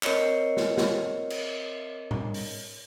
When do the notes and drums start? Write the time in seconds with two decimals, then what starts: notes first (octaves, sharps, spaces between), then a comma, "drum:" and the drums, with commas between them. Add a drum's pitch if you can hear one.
0.03 C4 A#4 C#5 D#5 C7 C#7, drum: clap
0.57 drum: snare
0.78 drum: snare
1.30 drum: cymbal
2.11 drum: tom A2
2.34 drum: open hi-hat